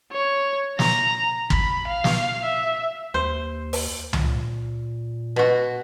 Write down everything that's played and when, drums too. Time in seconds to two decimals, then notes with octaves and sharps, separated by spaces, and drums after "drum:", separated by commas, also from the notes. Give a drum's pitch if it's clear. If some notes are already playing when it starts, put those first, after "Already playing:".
0.12 C#5
0.79 A#5, drum: snare
1.50 B5, drum: kick
1.88 F5
2.04 drum: snare
2.43 E5
3.14 D#2 C5
3.73 drum: open hi-hat
4.13 A#2, drum: tom C#2
5.36 B2 F#4